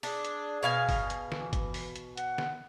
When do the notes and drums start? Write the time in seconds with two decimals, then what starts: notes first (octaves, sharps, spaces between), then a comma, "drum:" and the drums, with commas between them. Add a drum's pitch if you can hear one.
0.03 D4 G#4, drum: open hi-hat
0.25 drum: hi-hat
0.63 B2 F5 G#5
0.89 drum: kick G1, open hi-hat
1.10 drum: hi-hat
1.32 E3, drum: snare
1.53 drum: kick G1, hi-hat
1.74 drum: open hi-hat
1.96 drum: hi-hat
2.17 F#5, drum: hi-hat
2.38 drum: snare